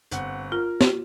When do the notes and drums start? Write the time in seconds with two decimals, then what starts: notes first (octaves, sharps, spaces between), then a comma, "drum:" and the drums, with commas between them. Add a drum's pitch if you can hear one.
0.11 G1 C4 F#5, drum: hi-hat
0.52 F4 A#4
0.81 drum: snare